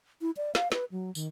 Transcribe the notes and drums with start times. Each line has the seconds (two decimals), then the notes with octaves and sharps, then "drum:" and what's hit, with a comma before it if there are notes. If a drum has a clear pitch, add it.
0.22 E4
0.37 D5
0.55 F5, drum: snare
0.72 B4, drum: snare
0.92 F#3
1.15 D#3, drum: tambourine